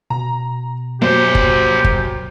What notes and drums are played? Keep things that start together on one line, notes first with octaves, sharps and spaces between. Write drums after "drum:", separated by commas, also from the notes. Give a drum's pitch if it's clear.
B2 A#5
F#2 A#3 G4 C5
drum: kick
drum: kick